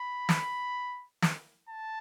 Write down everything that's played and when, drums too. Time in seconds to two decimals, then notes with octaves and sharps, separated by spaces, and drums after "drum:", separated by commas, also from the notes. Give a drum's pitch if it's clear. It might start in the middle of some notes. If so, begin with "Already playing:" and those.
Already playing: B5
0.29 drum: snare
1.22 drum: snare
1.69 A5